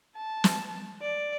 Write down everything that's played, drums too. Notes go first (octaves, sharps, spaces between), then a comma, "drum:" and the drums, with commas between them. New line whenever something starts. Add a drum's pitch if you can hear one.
A5
drum: snare
D5